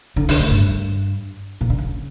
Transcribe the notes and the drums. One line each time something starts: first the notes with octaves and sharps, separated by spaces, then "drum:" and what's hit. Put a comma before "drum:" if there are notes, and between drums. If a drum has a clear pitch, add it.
D3
D3, drum: open hi-hat
A2
G2
A#2
D3
C#3